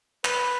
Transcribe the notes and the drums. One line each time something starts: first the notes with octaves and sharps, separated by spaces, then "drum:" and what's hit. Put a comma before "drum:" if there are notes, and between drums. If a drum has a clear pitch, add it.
B4, drum: clap